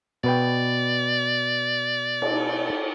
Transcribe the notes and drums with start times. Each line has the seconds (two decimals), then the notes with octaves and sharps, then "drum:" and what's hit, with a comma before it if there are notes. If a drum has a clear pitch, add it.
0.24 B2 B4 D5 G5
2.22 drum: cymbal